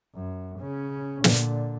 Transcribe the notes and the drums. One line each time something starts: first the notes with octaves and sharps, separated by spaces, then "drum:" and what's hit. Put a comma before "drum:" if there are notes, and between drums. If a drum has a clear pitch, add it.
F#2
C#3 C#4
A#2 D3, drum: snare